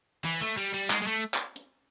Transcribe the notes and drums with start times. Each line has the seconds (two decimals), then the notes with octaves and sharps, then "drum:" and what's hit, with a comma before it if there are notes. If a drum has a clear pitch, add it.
0.25 E3, drum: open hi-hat
0.41 A3
0.57 G3
0.74 G3
0.90 G#3, drum: clap
1.02 G#3
1.07 A3
1.34 drum: clap
1.56 drum: hi-hat